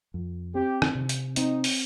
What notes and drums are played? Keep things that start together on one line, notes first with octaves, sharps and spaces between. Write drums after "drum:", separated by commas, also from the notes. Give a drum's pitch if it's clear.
F2
C4 G4
drum: rim click
C3
drum: hi-hat
C4 D#4, drum: hi-hat
drum: open hi-hat